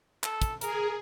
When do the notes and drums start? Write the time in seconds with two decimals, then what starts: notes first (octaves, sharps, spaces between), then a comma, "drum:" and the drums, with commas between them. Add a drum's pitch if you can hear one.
0.24 A4, drum: clap
0.42 drum: kick, hi-hat
0.61 G#4 A#4, drum: hi-hat